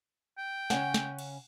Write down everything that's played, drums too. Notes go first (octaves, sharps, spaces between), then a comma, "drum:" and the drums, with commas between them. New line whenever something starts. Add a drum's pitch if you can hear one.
G5
C#3 C#4 F#5 G#5, drum: snare
drum: snare
drum: cymbal